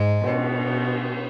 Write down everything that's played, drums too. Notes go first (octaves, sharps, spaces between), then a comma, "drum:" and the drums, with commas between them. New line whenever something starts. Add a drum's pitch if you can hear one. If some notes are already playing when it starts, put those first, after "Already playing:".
Already playing: G#2 G#3
B2, drum: cymbal